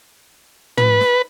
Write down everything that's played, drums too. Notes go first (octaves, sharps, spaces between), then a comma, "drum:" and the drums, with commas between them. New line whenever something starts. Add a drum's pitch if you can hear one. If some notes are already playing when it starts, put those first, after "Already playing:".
B4, drum: tom
drum: snare